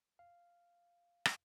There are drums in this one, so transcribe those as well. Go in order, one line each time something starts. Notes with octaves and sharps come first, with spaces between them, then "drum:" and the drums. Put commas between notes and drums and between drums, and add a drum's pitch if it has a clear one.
F5
drum: rim click